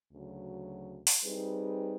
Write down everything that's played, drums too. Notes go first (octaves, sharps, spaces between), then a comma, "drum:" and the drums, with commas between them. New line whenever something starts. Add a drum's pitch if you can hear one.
D2 C#3 F#3
drum: open hi-hat
G3 C4 D#4 G#4 B4